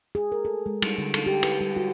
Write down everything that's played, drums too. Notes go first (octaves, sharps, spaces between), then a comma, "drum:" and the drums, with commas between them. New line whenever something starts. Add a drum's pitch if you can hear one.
G#4
A#4
A4
G#3
G3, drum: cymbal
D3
A4, drum: cymbal
G4
B4, drum: cymbal
G3
F#4